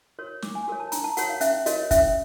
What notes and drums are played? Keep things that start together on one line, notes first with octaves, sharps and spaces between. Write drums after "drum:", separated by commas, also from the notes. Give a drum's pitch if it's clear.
F#4 A#4 C#5
D4 D6, drum: snare
G#5
F#4 A#4 C#5
A5
D4 A#5, drum: hi-hat
A5
F#4 A#4 C#5 F#5, drum: hi-hat
F5
C#4 E5, drum: hi-hat
F#4 A#4 C#5 D#5, drum: hi-hat
C#4 E5, drum: kick, hi-hat